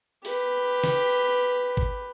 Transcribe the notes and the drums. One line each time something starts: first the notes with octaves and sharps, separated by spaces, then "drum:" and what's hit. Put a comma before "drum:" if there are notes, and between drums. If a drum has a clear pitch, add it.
G4 B4, drum: open hi-hat
drum: snare
drum: tambourine
drum: kick